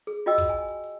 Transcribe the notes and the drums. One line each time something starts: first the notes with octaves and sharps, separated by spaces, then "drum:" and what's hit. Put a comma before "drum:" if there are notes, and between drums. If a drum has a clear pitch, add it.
G#4, drum: hi-hat
F4 F#4 D#5 G5 E6
drum: kick, hi-hat
G#5
drum: hi-hat
drum: hi-hat